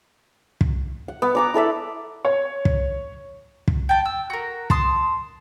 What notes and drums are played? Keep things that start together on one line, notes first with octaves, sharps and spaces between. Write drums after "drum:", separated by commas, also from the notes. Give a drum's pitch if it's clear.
drum: kick
F#5
B3
D5 A#5 D6
E4 A4 D5 E5
C#5
drum: kick
drum: kick
G5 A5
E6
F#4 A#4
A5 C6 D#6, drum: kick